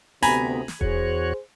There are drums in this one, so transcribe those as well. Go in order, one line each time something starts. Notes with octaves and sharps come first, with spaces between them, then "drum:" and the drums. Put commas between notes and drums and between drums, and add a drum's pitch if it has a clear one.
D2 C3 B3 G#5 A#5 B5, drum: open hi-hat
drum: snare
E2 F#4 G#4 C5 C#5, drum: kick D#1